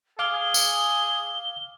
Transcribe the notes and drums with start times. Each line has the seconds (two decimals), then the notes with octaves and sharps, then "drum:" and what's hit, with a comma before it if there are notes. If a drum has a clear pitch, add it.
0.19 G#4 F5 D6 F6 G7
0.54 drum: tambourine